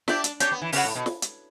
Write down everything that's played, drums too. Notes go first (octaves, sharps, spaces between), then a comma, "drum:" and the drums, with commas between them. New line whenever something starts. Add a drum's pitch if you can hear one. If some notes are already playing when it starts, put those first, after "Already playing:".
D4 E4 G4 D5, drum: snare
drum: hi-hat
C#4 D4 G4 C#5 G5, drum: hi-hat
B3
E3
C#3 C#4 F#4 C#5 F#5, drum: open hi-hat
A2
B2
drum: snare
drum: hi-hat